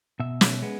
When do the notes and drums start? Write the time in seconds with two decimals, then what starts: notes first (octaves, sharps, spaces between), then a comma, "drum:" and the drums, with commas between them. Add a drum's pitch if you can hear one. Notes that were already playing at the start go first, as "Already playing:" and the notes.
0.20 B2 E5
0.41 drum: snare
0.62 G#3 B3